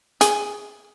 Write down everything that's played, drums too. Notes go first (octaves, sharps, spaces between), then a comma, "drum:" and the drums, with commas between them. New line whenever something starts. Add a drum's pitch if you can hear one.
G#4, drum: hi-hat